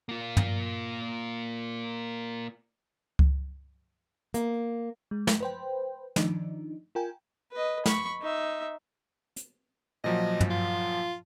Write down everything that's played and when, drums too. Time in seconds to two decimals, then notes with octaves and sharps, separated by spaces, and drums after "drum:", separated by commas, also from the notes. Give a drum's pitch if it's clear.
0.09 A#3 F4
0.37 drum: tom
3.19 drum: kick C#2
4.34 A#3, drum: hi-hat
5.11 G#3
5.27 drum: snare
5.40 B4 C5 G5
6.16 D#3 F3 D4 D#4, drum: snare
6.95 F4 A#4 G5 G#5
7.52 B4 D#5
7.86 B5 C#6, drum: snare
8.21 D#4 E5
9.36 drum: hi-hat
10.04 A#2 F3 F#3 D#5
10.40 drum: tom
10.50 F4